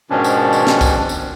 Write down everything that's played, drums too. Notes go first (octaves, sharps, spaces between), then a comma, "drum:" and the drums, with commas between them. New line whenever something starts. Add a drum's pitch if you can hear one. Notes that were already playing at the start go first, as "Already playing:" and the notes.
G#2 B2 D#3 F3 C#4 D4
drum: tambourine
drum: tambourine
drum: snare
drum: kick, tambourine
drum: tambourine